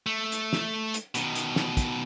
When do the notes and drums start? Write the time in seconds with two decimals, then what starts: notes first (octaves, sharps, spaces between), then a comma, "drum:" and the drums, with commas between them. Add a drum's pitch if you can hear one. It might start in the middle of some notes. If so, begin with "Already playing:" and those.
0.07 A3
0.32 drum: hi-hat
0.53 drum: snare
0.94 drum: hi-hat
1.15 B2 D#3, drum: hi-hat
1.36 drum: hi-hat
1.56 drum: snare
1.77 drum: kick, hi-hat